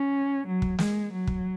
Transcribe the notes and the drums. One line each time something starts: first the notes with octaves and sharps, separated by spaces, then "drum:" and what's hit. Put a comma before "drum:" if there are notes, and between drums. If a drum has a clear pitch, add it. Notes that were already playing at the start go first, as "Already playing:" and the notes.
Already playing: C#4
F#3
drum: kick
G#3, drum: snare
F#3
drum: kick